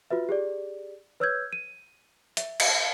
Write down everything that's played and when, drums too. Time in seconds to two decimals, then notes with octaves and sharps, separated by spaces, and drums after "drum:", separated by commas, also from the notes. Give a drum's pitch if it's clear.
0.11 F4 F#4 B4 E5
0.29 G4 G#4 D5
1.20 B4 C#5 E6 F6 G6 G#6
1.53 D#7
2.37 E5, drum: hi-hat
2.60 drum: cymbal